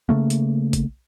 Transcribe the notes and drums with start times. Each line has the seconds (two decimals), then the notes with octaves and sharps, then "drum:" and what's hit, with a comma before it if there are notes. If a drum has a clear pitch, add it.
0.09 C#3 A3 A#3
0.30 drum: hi-hat
0.73 drum: kick, hi-hat